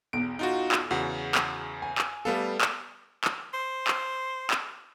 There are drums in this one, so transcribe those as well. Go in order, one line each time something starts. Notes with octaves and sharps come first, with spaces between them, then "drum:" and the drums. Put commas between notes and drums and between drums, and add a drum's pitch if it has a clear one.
B1 E2 D7
D#4 F4 F#4
drum: clap
E2 C#3 F#4
drum: clap
G#5
drum: clap
G3 A3 B3 A4 F5
drum: clap
drum: clap
C5
drum: clap
drum: clap